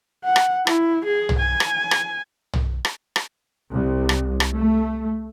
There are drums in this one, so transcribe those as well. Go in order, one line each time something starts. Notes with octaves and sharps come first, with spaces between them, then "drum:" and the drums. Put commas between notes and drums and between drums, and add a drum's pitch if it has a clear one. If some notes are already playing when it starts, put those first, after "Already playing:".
F#5
drum: rim click
E4, drum: rim click
G#4
drum: tom
G#5
drum: rim click
drum: rim click
drum: tom
drum: rim click
drum: rim click
C2
drum: rim click
drum: rim click
A3